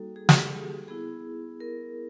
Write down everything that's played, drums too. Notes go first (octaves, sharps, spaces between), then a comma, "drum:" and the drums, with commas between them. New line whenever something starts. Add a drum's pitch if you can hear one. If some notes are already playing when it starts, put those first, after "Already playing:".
Already playing: G3 A#3 D#4 F#4 A4
G#4
G4, drum: snare
G#4
B3 E4 G#4
A#4